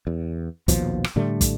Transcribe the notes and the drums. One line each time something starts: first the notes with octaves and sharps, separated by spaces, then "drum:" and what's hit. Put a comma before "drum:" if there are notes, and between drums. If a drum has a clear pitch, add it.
E2
A#1 D#2 B2 F3, drum: kick, hi-hat
drum: rim click
A2 D3 G3 A3
drum: kick, hi-hat